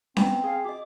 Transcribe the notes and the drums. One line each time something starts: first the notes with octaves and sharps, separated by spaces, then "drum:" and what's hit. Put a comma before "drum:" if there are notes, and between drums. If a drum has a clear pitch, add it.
B3 C4, drum: snare C#4
G#4 F5
F#4 D#5 D6